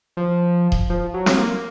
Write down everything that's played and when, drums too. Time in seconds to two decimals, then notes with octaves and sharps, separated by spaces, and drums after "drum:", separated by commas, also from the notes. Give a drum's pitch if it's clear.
0.17 F3
0.72 drum: kick D#1
0.90 F3
1.14 F#3
1.26 drum: snare
1.38 A#3